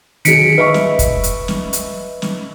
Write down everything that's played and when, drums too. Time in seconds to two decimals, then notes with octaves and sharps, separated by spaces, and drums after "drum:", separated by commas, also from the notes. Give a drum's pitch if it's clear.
0.25 D#3 F#3 G#4 B6 C#7 D7, drum: hi-hat
0.58 B4 D#5 E5 C#6
0.74 drum: snare
0.99 drum: kick, hi-hat
1.23 drum: hi-hat
1.48 drum: snare
1.73 drum: hi-hat
2.22 drum: snare